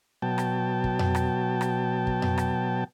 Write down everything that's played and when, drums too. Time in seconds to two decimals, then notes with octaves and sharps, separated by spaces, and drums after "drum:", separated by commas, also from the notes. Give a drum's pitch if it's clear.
0.22 B2 F#3 G5 A5
0.38 drum: rim click
0.84 drum: kick
0.99 drum: tom F2
1.15 drum: rim click
1.61 drum: rim click
2.07 drum: kick
2.22 drum: tom F2
2.38 drum: rim click